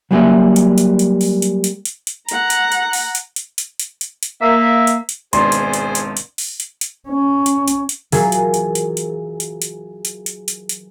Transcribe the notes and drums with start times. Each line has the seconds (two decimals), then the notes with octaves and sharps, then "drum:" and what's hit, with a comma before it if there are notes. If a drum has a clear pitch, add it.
0.11 F#3 G3 A#3 C#4 F#4 E5
0.56 drum: hi-hat
0.78 drum: hi-hat
0.99 drum: hi-hat
1.21 drum: open hi-hat
1.42 drum: hi-hat
1.64 drum: hi-hat
1.85 drum: hi-hat
2.07 drum: hi-hat
2.29 F#5 A#5, drum: hi-hat
2.50 drum: hi-hat
2.72 drum: hi-hat
2.93 drum: open hi-hat
3.15 drum: hi-hat
3.36 drum: hi-hat
3.58 drum: hi-hat
3.79 drum: hi-hat
4.01 drum: hi-hat
4.23 drum: hi-hat
4.41 A#3 E5
4.87 drum: hi-hat
5.09 drum: hi-hat
5.33 G#1 B2 D4 G#4 C5 G#5 C6 A6, drum: hi-hat
5.52 drum: hi-hat
5.74 drum: hi-hat
5.95 drum: hi-hat
6.17 drum: hi-hat
6.38 drum: open hi-hat
6.60 drum: hi-hat
6.81 drum: hi-hat
7.09 C#4
7.46 drum: hi-hat
7.68 drum: hi-hat
7.89 drum: hi-hat
8.12 E3 F#3 F4 G#4 A#4, drum: open hi-hat
8.32 drum: hi-hat
8.54 drum: hi-hat
8.75 drum: hi-hat
8.97 drum: hi-hat
9.40 drum: hi-hat
9.62 drum: hi-hat
10.05 drum: hi-hat
10.26 drum: hi-hat
10.48 drum: hi-hat
10.69 drum: hi-hat